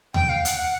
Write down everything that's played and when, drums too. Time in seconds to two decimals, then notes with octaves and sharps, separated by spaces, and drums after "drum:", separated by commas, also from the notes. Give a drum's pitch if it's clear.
0.14 G5, drum: tom D#2
0.29 F5
0.45 F#5, drum: hi-hat
0.58 F#5